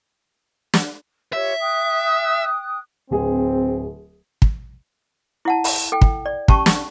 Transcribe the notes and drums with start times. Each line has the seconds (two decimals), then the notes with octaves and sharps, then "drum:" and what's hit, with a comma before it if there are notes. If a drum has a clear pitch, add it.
0.74 drum: snare
1.33 F4 G4 C#5 E5
1.61 G5 D#6 F#6
3.11 D1 C4 G#4
4.42 drum: kick
5.45 E4 F#5 A5
5.64 drum: open hi-hat
5.92 A4 G5
6.01 drum: kick
6.26 D5
6.48 C#4 G4 A5 C#6, drum: kick
6.66 drum: snare